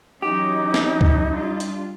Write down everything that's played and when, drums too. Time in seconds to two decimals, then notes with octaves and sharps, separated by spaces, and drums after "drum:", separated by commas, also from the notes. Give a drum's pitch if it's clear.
0.22 E3 F#3 C#4 D#4 G4
0.74 drum: snare
1.01 drum: kick C#2
1.32 G3 D4 F4
1.60 drum: hi-hat